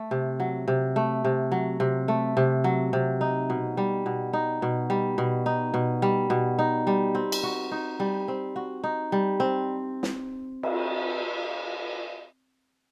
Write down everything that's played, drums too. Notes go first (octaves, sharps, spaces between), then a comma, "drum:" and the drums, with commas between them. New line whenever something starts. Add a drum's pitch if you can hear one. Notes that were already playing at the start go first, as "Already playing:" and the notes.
Already playing: A3
C3
F#3
C3
A3
C3
F#3
C3
A3
C3
F#3
C3
D#4
B2
G3
B2
D#4
B2
G3
B2
D#4
B2
G3
B2
D#4
G3
C4
drum: cymbal
F#4
D#4
G3
C4
F#4
D#4
G3
C4
drum: snare
drum: cymbal